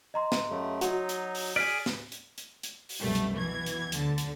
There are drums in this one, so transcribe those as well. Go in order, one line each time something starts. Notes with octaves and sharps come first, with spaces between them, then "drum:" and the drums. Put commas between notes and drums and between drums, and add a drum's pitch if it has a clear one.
D#5 A#5 C6
drum: snare
F#2 C#3 A3
F#3 D#4 F#4, drum: hi-hat
drum: hi-hat
drum: open hi-hat
G#4 D5 F6 B6
drum: snare
drum: hi-hat
drum: hi-hat
drum: hi-hat
drum: open hi-hat
C2 F#2 B2 G3 A3
drum: hi-hat
B2 E3 G#6
drum: hi-hat
D2 D3 A5, drum: hi-hat
drum: hi-hat